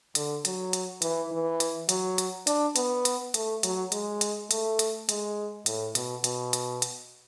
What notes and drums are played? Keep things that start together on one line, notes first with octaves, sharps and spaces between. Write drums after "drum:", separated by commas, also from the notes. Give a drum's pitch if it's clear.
D3, drum: hi-hat
F#3, drum: hi-hat
drum: hi-hat
E3, drum: hi-hat
E3
drum: hi-hat
F#3, drum: hi-hat
drum: hi-hat
D4, drum: hi-hat
B3, drum: hi-hat
drum: hi-hat
A3, drum: hi-hat
F#3, drum: hi-hat
G#3, drum: hi-hat
drum: hi-hat
A3, drum: hi-hat
drum: hi-hat
G#3, drum: hi-hat
A2, drum: hi-hat
B2, drum: hi-hat
B2, drum: hi-hat
drum: hi-hat
drum: hi-hat